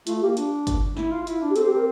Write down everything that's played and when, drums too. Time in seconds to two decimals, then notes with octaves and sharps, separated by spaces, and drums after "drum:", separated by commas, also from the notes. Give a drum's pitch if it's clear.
0.07 A3 F4, drum: hi-hat
0.22 A#3 G4
0.37 D4, drum: hi-hat
0.67 drum: kick G1, hi-hat
0.97 E4, drum: snare
1.11 F4
1.22 F4
1.27 E4, drum: hi-hat
1.42 D4
1.50 G4
1.56 C4 A4, drum: hi-hat
1.66 G4
1.76 A#4